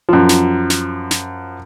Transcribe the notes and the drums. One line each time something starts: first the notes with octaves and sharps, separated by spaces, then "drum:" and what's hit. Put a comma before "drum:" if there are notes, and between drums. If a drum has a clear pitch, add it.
F#2 F3
drum: snare
drum: snare
drum: snare